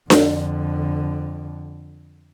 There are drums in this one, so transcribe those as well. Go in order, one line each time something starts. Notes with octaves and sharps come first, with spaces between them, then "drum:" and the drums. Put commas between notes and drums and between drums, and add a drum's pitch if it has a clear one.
F2 D3, drum: snare D4